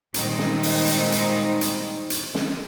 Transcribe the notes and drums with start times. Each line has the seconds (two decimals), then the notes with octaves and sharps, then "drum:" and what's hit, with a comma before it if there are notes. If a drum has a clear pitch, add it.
0.14 A#2 D#3 G3 G#3 C4 D#4, drum: hi-hat
0.39 drum: snare
0.63 drum: open hi-hat
0.88 drum: hi-hat
1.12 drum: hi-hat
1.61 drum: hi-hat
2.10 drum: hi-hat
2.35 drum: snare